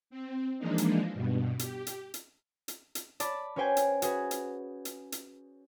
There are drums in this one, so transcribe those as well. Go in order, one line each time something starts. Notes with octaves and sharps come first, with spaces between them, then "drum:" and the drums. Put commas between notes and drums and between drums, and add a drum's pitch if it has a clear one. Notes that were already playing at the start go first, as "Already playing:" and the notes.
C4
E3 F3 G#3 A#3 D4 D#4
drum: hi-hat
G2 B2
G4, drum: hi-hat
drum: hi-hat
drum: hi-hat
drum: hi-hat
drum: hi-hat
D5 A5 B5, drum: hi-hat
C#4 F#4 B4 C5 G5 G#5
drum: hi-hat
F#4 G#4 B4, drum: hi-hat
drum: hi-hat
drum: hi-hat
drum: hi-hat